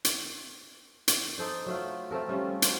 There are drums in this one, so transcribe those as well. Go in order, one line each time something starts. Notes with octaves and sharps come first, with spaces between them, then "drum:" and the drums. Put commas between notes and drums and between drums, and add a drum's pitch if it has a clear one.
drum: hi-hat
drum: hi-hat
D#4 A4 C5 D5
F#3 A3 F4
A3 C4 A4 A#4
G3 C#4 F4
F#4 C5, drum: hi-hat